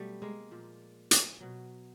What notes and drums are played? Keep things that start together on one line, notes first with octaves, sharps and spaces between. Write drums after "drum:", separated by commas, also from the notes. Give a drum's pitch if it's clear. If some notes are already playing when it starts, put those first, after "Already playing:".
Already playing: B2 F#3 G3 A3
G#3 A#3
A#2 F3
drum: hi-hat
B2 F#3